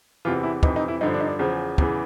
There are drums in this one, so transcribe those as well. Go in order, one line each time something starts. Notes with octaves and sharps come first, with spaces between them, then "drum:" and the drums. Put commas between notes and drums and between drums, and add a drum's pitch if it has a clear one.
E2 C3 E3 F4
E4
F2 C3 E3 D#4, drum: kick
D#4
E4
G2 D3 F3 D#4
D4
D#4
D4
E2 C#3 F3
E2 C#3 E3, drum: kick